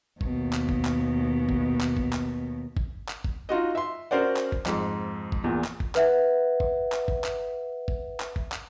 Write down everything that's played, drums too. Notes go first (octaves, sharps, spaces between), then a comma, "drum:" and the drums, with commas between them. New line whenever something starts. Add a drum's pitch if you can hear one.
D#2 B2, drum: kick
drum: clap
drum: kick
drum: clap
drum: kick
drum: clap
drum: kick
drum: clap
drum: kick
drum: clap
drum: kick
D#4 F4 F#4 D#5
E5 C6
C#4 F#4 A#4 C5 D5 F#5
drum: clap
drum: kick
F2 G#2, drum: clap
drum: kick
E2 A#2
drum: clap
drum: kick
B4 E5 F#5, drum: clap
drum: kick
drum: clap
drum: kick
drum: clap
drum: kick
drum: clap
drum: kick
drum: clap